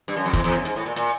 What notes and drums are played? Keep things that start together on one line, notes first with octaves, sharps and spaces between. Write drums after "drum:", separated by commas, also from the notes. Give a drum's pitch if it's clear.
G2
F#2
F2
E2, drum: kick, hi-hat
E2
F#2
G#2, drum: hi-hat
A2
A#2
A#2, drum: hi-hat